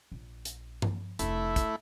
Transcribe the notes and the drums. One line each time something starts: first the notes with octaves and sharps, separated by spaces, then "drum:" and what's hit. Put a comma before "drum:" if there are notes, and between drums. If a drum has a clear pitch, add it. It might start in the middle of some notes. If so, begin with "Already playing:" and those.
A#1
drum: hi-hat
drum: tom G2
F1 A3 D4 E4, drum: hi-hat
drum: kick, hi-hat